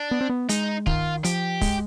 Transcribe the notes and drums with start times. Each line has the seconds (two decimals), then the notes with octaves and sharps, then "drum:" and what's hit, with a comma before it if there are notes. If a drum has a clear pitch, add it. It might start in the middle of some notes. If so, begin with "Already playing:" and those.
Already playing: D4
0.11 B3
0.21 C4
0.29 B3
0.49 G#3 D#4, drum: hi-hat
0.87 D#3 F4, drum: kick
1.24 F3 G4, drum: hi-hat
1.61 G#3, drum: kick, open hi-hat